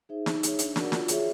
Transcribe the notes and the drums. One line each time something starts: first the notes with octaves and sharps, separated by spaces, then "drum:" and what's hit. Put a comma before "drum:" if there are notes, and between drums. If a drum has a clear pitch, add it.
D#4 G#4 C5 E5
D#4, drum: snare
G#4 C#5 E5, drum: hi-hat
D4, drum: hi-hat
F#4 A#4 D5 F#5, drum: snare
F4, drum: snare
G#4 C#5 E5, drum: hi-hat